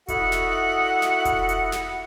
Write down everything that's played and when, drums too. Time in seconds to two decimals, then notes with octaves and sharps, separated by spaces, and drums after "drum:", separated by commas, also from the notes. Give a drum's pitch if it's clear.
0.08 E4 F#4 A4 D#5 E5 F#5, drum: kick E1, hi-hat
0.32 drum: snare
1.02 drum: snare
1.25 drum: kick E1, hi-hat
1.49 drum: hi-hat
1.72 drum: snare